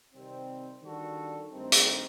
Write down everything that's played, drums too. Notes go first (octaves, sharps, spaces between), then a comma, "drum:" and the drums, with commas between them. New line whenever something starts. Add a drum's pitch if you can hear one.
C3 D#3 G3 C4
D#3 G3 D4 F#4 A4
G2 D#3 A3 C4
drum: hi-hat